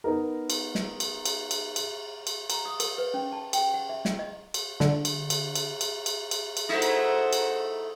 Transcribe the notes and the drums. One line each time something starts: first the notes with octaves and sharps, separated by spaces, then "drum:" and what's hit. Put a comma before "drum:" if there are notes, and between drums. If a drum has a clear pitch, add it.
B3 D#4 A#4
drum: cymbal
drum: snare
drum: cymbal
drum: cymbal
drum: cymbal
drum: cymbal
drum: cymbal
A#5, drum: cymbal
D#6
A#4, drum: cymbal
B4
C#4
A5
G5, drum: cymbal
F#5
E5
F5, drum: snare
D#5
drum: cymbal
D3, drum: snare
drum: cymbal
drum: cymbal
drum: cymbal
drum: cymbal
drum: cymbal
drum: cymbal
drum: cymbal
A3 D#4 E4 F#4 C5
drum: cymbal
drum: cymbal